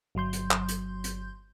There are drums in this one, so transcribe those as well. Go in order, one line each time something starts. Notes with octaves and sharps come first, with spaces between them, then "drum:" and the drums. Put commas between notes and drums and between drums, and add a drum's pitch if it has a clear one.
G1 F#3 C6 G6
drum: hi-hat
drum: clap
drum: hi-hat
drum: hi-hat